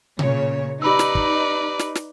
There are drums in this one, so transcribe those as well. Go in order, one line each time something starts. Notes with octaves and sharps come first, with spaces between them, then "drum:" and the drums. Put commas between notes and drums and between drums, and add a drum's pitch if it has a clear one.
A#2 C#3 C#5, drum: tom B2
D#4 G4 B4 D5 B5 E6
drum: snare
drum: kick
drum: snare
drum: snare